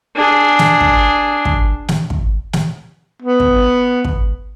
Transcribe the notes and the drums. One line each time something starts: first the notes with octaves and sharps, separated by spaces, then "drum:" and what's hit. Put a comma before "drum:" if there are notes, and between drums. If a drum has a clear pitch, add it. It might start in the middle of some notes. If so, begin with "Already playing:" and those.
D4 G#4
drum: snare
drum: kick
drum: kick
drum: snare
drum: kick
drum: snare
B3
drum: kick
drum: kick